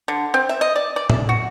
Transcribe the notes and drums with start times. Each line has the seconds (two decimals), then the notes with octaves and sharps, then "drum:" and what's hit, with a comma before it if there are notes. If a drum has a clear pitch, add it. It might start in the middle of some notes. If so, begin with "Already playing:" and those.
0.08 D3
0.34 C4
0.49 E5
0.61 D#5
0.76 D5
0.96 D5
1.10 E5, drum: tom A2
1.29 F#4